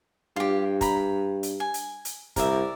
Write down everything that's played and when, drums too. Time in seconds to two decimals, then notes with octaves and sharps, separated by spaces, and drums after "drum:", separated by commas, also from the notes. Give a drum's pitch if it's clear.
0.36 G2 F4 G4
0.81 A#5 B5, drum: kick, hi-hat
1.43 drum: hi-hat
1.60 G#5
1.74 drum: hi-hat
2.05 drum: hi-hat
2.36 C2 A#4 D5 E5, drum: kick, hi-hat